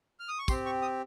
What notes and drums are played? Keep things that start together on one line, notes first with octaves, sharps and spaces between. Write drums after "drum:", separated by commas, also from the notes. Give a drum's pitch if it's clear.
F6
D#6
C#6
C4 G4 C6, drum: kick, tambourine
C#6
D#6